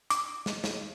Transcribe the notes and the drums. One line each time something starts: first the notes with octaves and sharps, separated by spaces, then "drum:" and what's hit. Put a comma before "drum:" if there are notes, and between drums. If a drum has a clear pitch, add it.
D6, drum: hi-hat
drum: snare
drum: snare